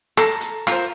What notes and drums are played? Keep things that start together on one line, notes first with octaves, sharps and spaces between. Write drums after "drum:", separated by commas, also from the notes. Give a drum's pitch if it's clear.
A4 A#5, drum: rim click
drum: hi-hat
F4 A#4 C5, drum: rim click